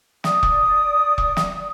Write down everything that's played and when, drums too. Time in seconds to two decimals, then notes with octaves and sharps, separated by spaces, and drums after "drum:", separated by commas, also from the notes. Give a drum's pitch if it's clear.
0.24 D5 D#6, drum: snare
0.43 drum: kick E1
1.18 drum: kick E1
1.37 drum: snare